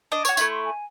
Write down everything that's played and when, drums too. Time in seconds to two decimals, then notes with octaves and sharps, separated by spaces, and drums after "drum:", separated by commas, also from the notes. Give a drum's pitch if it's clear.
0.12 D4 D#5
0.25 F#4 C#5 G#6, drum: tambourine
0.37 A3 C#4 E4, drum: tambourine
0.51 C6
0.65 G#5